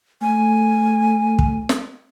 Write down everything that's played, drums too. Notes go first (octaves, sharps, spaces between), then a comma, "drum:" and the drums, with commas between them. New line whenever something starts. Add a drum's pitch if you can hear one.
A3 G#5
drum: kick
drum: snare